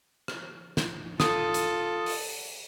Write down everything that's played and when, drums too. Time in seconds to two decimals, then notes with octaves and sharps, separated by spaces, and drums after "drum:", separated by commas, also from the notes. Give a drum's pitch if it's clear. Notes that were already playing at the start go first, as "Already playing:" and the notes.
0.28 drum: rim click
0.77 drum: snare
1.20 F4 A4 D#6, drum: snare
1.54 drum: hi-hat
2.06 drum: open hi-hat